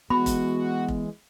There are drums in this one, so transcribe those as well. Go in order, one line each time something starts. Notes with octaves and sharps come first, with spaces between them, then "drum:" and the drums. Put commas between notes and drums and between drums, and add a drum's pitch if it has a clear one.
E3 G#3 B3 F#4 B5
drum: kick F1, hi-hat
drum: kick F1